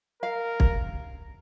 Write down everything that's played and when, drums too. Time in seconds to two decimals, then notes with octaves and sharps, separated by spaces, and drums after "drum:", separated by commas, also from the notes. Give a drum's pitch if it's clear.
0.22 A#4 F5
0.60 drum: kick